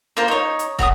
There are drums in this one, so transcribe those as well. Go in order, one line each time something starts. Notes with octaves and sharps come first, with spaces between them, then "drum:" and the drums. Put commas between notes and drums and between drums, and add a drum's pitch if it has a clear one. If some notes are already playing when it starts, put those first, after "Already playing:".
A#3 F4 C5
D#4 C#5
drum: hi-hat
F#4 C#5 A#5 D#6, drum: kick